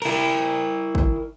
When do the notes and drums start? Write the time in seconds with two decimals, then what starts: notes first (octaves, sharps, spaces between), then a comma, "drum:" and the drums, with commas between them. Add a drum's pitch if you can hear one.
0.02 E4 A#4, drum: cymbal
0.95 drum: kick